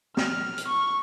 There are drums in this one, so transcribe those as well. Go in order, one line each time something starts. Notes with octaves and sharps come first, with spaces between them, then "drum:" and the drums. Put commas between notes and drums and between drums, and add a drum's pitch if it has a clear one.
F6, drum: snare
drum: hi-hat
C#6